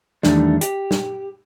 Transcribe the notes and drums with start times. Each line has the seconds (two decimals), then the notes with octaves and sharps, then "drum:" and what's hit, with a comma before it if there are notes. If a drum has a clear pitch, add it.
0.23 E2 D#3 G3 A3 D4, drum: snare
0.61 G4, drum: hi-hat
0.91 drum: snare